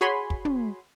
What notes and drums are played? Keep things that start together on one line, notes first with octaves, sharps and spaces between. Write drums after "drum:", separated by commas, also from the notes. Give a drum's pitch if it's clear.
F#4 G#4 C#5 G#5 B5 C6
drum: kick
drum: tom